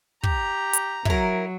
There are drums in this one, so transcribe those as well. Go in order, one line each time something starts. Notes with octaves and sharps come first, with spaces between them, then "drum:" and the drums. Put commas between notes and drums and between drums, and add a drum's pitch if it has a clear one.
G4 A#5, drum: kick
drum: hi-hat
F#3 E4 A#4, drum: kick